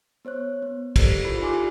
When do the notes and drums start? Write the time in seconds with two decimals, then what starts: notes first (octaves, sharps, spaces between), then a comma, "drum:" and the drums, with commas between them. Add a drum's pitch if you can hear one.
0.25 B3 C5 C#5 F#6
0.62 B3
0.96 G4 A4 A#4 C5 D5, drum: kick, cymbal
1.24 E4 F4 A4 C5 B5
1.40 D#4 F4 G4 G#5 C6 D6